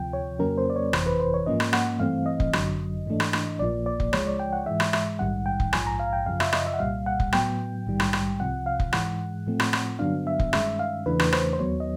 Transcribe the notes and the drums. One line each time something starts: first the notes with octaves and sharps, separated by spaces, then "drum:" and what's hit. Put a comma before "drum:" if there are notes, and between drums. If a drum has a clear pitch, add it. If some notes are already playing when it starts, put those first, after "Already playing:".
Already playing: D2 C3 F3 G5
C#5
F2 C#3 F#3 A#3 C#4 A#4
C5
D5
C#5
G1 F2 C3 E3 C5, drum: rim click
B4
C5
C#5
G#2 F3 A#3 C#4 D#5
drum: rim click
F#5, drum: rim click
G2 E3 A3 C4 F5
D#5
drum: kick F1
G1 F#2 D3 F#3, drum: rim click
G#2 E3 A3 D4
drum: rim click
drum: rim click
A#1 A#2 F3 A#3 D5
D5
drum: kick F1
C#2 C#3 F3 G#3 C#5, drum: rim click
D5
G5
F#5
G#2 E3 G#3 E5
drum: rim click
E5, drum: rim click
A#1 G#2 D#3 G3 F#5
G5
drum: kick F1
A#1 G#2 F3 G#5, drum: rim click
A#5
F5
G5
F#2 C#3 F3 F5
E5, drum: rim click
D#5, drum: rim click
E5
F#5
C2 A#2 G3 F5
F#5
drum: kick F1
A2 F#3 B3 G5, drum: rim click
A#1 G#2 D#3 G3
drum: rim click
drum: rim click
C2 C3 F3 F#5
F5
drum: kick F1
G#2 E3 G#3 F#5, drum: rim click
A2 F3 A3 C4
drum: rim click
drum: rim click
G2 D3 F#3 B3 D4 F5
E5
drum: kick F1
G2 D#3 G#3 C#4 E5, drum: rim click
F5
E2 C#3 E3 A3 D4 B4
drum: rim click
C5, drum: rim click
C5
D#2 D#3 F#3 B3 C#5
D#5